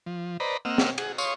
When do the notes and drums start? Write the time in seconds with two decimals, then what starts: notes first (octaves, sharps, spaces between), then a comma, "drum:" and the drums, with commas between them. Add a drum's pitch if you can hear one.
0.06 F3
0.40 B4 C5 D5 D#5 A#5 B5
0.65 A#3 C4 D#5 F#5 E6 F6
0.78 drum: snare
0.98 G#4 F#5, drum: cymbal
1.18 C#5 F5 C6 C#6 D#6, drum: tambourine